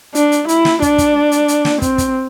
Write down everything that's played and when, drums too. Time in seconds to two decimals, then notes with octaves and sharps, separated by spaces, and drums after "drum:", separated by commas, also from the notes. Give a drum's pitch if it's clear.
0.15 D4, drum: hi-hat
0.32 drum: hi-hat
0.48 E4, drum: hi-hat
0.65 drum: snare
0.82 D4, drum: kick, hi-hat
0.98 drum: kick, hi-hat
1.32 drum: hi-hat
1.48 drum: hi-hat
1.65 drum: snare
1.82 C4, drum: kick, hi-hat
1.98 drum: kick, hi-hat